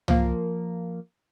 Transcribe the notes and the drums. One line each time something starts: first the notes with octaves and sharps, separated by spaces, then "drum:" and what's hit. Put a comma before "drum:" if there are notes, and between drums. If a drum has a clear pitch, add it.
F3 A#3, drum: tom